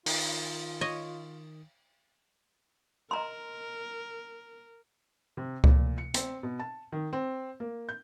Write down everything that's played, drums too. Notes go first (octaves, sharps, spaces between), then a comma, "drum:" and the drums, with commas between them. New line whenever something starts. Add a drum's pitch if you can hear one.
D#3 F4 D#6, drum: open hi-hat
C#5 D#5
A#4 D#5 A#5 C6
C3
A#2, drum: kick C#2
C#7
C4, drum: hi-hat
B2
A5
D#3
C4
A#3
G6